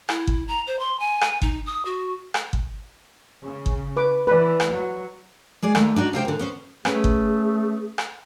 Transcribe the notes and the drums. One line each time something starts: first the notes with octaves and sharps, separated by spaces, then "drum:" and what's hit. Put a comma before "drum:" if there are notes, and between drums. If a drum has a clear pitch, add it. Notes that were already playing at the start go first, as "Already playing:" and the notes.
E4, drum: rim click
drum: kick G1
A#5
C5
C6
G#5
drum: rim click
D#4, drum: kick G1
D#6
F#4
drum: rim click
drum: kick G1
C#3
drum: kick G1
B4 D6
E3 B4 D5
drum: rim click
F#3
G#3 G#4 D5
D#2 A3, drum: rim click
D4 D#4 F#4 D5
C3 F4 C5 G5
A#2 D3
B3 C#4 C5
A3 C#4 G#4 B4, drum: rim click
drum: kick G1
drum: rim click